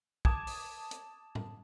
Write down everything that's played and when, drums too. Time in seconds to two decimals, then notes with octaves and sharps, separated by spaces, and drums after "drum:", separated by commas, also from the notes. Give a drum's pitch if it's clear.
0.25 A5 D6 D#6 G#6, drum: kick
0.47 drum: open hi-hat
0.91 drum: hi-hat
1.35 drum: tom A2